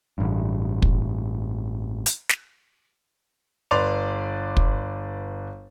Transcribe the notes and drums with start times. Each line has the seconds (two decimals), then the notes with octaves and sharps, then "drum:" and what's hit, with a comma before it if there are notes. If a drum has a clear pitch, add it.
0.18 A1 G2
0.82 drum: kick
2.06 drum: hi-hat
2.29 drum: snare
3.71 G1 B4 D5 C6 D6 F7
4.57 drum: kick